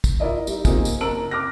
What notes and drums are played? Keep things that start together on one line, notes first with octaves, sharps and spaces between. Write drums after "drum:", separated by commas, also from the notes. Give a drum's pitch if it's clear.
drum: kick, tambourine
E4 F4 A#4 D5 D#5
G3 D#4, drum: tambourine
G3 A#3 C4 D#4 F4 G#4, drum: kick, tambourine
drum: tambourine
F#1 A#4 A5 E6 D7 F#7
D6 F6 F#6 A#6